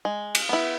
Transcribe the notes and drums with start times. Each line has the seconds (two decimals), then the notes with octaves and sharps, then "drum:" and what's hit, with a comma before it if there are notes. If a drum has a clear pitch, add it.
0.05 G#3
0.35 drum: cymbal
0.49 B3 E4